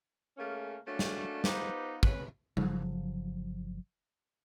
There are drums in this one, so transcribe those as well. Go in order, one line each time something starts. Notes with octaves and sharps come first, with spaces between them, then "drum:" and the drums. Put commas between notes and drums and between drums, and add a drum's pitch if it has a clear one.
C#3 A3 A#3 C#4
F#3 A3 A#3 C#4 D4
drum: snare
B3 D#4 F4 G4 B4 C5, drum: snare
C#4 B4, drum: kick
G1 C#3 F3 F#3, drum: tom G3